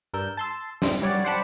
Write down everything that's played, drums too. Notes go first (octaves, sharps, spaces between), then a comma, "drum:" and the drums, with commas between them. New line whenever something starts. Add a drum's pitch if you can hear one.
G2 A#4 D5 E6 G6
A5 C6 E6
F2 C4 D#4, drum: snare
G3 C#5 D5 F#5
C5 D5 F#5 G5 A5 B5